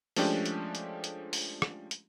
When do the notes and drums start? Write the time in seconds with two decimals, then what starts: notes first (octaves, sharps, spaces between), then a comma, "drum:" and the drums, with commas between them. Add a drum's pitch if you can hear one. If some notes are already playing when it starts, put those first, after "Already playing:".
0.16 F3 G#3 A3 C#4 D4 G4, drum: open hi-hat
0.46 drum: hi-hat
0.75 drum: hi-hat
1.04 drum: hi-hat
1.33 drum: open hi-hat
1.62 drum: rim click
1.91 drum: hi-hat